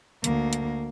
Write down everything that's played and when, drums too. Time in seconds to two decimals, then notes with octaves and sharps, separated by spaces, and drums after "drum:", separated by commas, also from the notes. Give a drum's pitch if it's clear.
0.24 D2 A#3, drum: hi-hat
0.53 drum: hi-hat